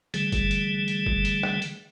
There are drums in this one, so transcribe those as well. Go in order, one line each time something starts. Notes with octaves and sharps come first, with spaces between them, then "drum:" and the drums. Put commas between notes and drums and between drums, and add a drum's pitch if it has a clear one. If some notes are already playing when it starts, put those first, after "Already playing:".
D3 E3 G3 A3 G#4, drum: hi-hat
drum: kick G1, hi-hat
drum: hi-hat
drum: hi-hat
drum: kick G1
drum: hi-hat
drum: rim click
drum: hi-hat